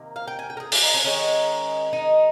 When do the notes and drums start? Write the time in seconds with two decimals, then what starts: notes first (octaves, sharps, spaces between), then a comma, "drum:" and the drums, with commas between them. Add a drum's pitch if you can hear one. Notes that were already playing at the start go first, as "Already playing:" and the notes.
Already playing: C3 D#3 A#3
0.16 F5
0.28 G5
0.39 G#5
0.50 G5
0.57 A#4
0.60 G#4
0.72 G4, drum: open hi-hat
0.83 D#4
0.94 C#4
1.04 D#3 G#3 C#4
1.93 D#4